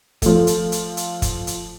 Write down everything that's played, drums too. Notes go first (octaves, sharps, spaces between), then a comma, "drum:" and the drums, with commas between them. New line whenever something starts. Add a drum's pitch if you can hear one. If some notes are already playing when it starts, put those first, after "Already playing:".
F3 A3, drum: kick, hi-hat
drum: hi-hat
drum: hi-hat
drum: hi-hat
drum: kick, hi-hat
drum: hi-hat